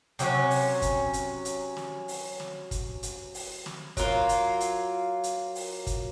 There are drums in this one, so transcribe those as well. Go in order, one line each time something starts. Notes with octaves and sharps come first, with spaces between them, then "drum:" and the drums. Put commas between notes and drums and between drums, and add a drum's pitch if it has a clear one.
C3 F#3 A3 C#4, drum: hi-hat
drum: open hi-hat
drum: kick, hi-hat
drum: hi-hat
drum: hi-hat
drum: snare
drum: open hi-hat
drum: snare
drum: kick, hi-hat
drum: hi-hat
drum: open hi-hat
drum: snare
F#3 A#3 F4, drum: kick, hi-hat
drum: hi-hat
drum: hi-hat
drum: hi-hat
drum: open hi-hat
drum: kick, hi-hat